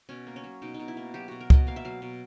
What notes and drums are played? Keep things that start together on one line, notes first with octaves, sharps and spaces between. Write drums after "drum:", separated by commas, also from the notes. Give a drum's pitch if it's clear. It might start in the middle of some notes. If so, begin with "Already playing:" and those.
B2 C#4
A#3
C#4
F#3
B2 D#4
D#4
B2
E4
A#3
F#3 G4
B2 F#4
A#4
B2 D#5, drum: kick C#2
A#3 F5
E5
F#3 F5
B2